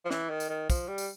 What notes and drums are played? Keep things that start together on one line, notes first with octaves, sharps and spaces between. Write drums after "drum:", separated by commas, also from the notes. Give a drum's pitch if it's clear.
F3
E3, drum: snare
D#3
drum: tambourine
D#3
F3, drum: kick, tambourine
G3
drum: tambourine